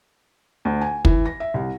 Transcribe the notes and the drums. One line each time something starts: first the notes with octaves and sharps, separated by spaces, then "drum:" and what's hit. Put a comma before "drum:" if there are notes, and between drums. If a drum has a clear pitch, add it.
D2
G#5
E3, drum: kick
A#6
E5
C2